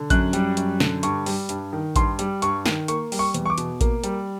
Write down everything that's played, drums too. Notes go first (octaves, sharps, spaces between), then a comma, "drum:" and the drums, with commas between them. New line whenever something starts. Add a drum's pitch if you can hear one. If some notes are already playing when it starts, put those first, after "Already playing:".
Already playing: D3
F#2 F#6, drum: kick A1, hi-hat
G3, drum: hi-hat
F#2, drum: hi-hat
D3, drum: snare
G2 C#6, drum: hi-hat
G3, drum: open hi-hat
G2, drum: hi-hat
D#3
G2 C6, drum: kick A1, hi-hat
G3, drum: hi-hat
G2 C#6, drum: hi-hat
D#3, drum: snare
A#3 C#6, drum: hi-hat
G3, drum: open hi-hat
C#6
E2, drum: hi-hat
C#6
D6
B2, drum: hi-hat
A#3, drum: kick A1, hi-hat
G3, drum: hi-hat